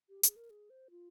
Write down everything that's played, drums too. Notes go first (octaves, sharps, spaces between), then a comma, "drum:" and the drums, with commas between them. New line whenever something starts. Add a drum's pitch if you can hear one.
G4
G#4, drum: hi-hat
A#4
G#4
C5
F4